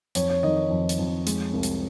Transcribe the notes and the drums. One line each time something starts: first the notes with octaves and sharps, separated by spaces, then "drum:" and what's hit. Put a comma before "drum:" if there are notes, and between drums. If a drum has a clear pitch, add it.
F2 C#5, drum: hi-hat
C#5
D#3 D#5
C#5
F2
drum: hi-hat
F2
G#3, drum: hi-hat
C2
drum: hi-hat